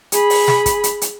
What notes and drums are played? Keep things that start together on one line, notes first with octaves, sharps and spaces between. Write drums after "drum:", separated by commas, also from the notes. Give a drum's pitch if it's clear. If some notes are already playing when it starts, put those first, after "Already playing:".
G#4 B5, drum: hi-hat
drum: open hi-hat
drum: snare
drum: kick, hi-hat
drum: hi-hat
drum: hi-hat